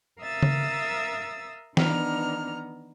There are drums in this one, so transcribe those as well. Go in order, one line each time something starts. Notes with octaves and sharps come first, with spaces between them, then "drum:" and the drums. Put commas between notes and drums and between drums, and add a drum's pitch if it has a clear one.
A#4 E5 F5 D#6 E6 A6
drum: tom C#3
D#3 E3 B3 D4 A#5 F6, drum: snare